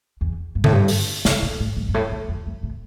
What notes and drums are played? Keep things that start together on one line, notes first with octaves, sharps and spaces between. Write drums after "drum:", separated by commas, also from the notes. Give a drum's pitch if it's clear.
E2
G2
A2, drum: tom D3
G2
drum: open hi-hat
C3, drum: snare
B2
A2
G2
G2
A2
A2
F2
F2
A2